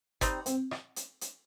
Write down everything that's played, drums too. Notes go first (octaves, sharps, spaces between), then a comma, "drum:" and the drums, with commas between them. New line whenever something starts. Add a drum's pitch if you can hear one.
G3 C4 D#4, drum: kick G1, hi-hat
C4, drum: hi-hat
drum: rim click
drum: hi-hat
drum: hi-hat